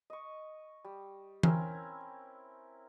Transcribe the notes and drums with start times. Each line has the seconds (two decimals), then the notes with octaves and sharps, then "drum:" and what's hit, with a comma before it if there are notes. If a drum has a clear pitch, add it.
0.10 D#5 C#6
0.85 G3
1.43 C4 C#4 E4 A#4, drum: tom E3